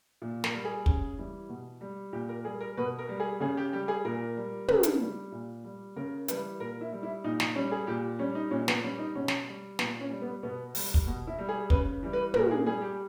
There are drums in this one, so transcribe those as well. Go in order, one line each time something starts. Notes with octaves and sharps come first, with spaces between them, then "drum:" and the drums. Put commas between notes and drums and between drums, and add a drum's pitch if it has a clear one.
A#2
A#4, drum: snare
G3
G#4
C#3, drum: kick
E3 G3
B2
G3
A#2 G4
A#4
G3 G#4
A#4
B2 B4
A#4
G3
G#4
C#3 G#4
G4
G3 G4
G#4
A#2 A#4
G3
C#3, drum: tom
drum: hi-hat
G3
A#2
G3
C#3 A#4
E3 G3 B4, drum: hi-hat
A#2 A#4
E4
G3
E4
A#2 D#4
D#4, drum: snare
G3 C#4
G#4
A#2 G4
G3 C#4
D#4
A#2 C#4
B3, drum: snare
G3 C#4
D#4
B2 C#4
drum: snare
G3
A#2 B3, drum: snare
C#4
G3
B3
B2 B3
G3, drum: open hi-hat
drum: kick
B2
E4
G3
G#4
C#3 B4, drum: kick
E3 G3
B4
A#2 A#4, drum: tom
G#4
G3 G#4
G4